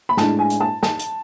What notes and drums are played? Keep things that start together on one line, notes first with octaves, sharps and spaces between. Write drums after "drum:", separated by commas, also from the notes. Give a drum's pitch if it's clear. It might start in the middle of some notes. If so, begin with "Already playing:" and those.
B5
A2 G#3 D4 A5, drum: snare
G#5
drum: hi-hat
A5
A5, drum: snare
drum: hi-hat